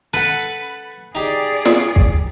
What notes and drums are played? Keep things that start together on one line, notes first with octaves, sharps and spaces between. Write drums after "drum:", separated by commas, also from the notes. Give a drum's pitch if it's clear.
A4 B4 F#5
D#4 G4 G#4 D5
drum: snare
drum: kick